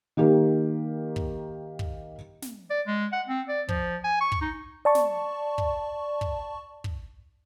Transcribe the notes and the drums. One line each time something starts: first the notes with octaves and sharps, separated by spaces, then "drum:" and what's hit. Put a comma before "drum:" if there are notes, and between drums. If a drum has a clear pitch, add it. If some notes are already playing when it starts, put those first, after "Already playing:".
D#3 A#3 G4
drum: kick
drum: kick
drum: snare
D5
G#3
F#5
C4
D5
F3, drum: kick
G#5
C#6
drum: kick
D#4
D5 A5 C#6
drum: snare
drum: kick
drum: kick
drum: kick